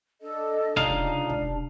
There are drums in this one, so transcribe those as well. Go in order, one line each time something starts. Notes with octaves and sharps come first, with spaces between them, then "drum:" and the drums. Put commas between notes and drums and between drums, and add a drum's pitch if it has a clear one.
D4 A4 D#5
C#2 C3 D4 D#4 D5 F5, drum: kick
drum: kick